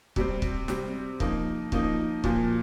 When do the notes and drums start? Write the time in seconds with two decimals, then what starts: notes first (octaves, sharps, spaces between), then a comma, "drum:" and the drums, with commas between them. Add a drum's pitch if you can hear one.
0.16 C3 G3 C4, drum: kick C#1
0.42 drum: kick C#1
0.68 C3 G3 C4, drum: snare
1.20 F3 A#3 D#4, drum: kick C#1
1.72 F3 A#3 D#4, drum: kick C#1
2.24 A#2 F3 A#3, drum: kick C#1